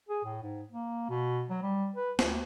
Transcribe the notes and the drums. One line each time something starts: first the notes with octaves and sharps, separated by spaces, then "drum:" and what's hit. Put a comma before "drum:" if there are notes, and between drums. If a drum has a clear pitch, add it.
G#4
A2
G#2
A#3
B2
F#3
G3
B4
D2, drum: snare